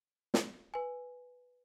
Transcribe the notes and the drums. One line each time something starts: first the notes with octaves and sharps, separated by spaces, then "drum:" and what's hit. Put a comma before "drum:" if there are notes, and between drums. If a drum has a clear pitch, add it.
drum: snare
B4 G#5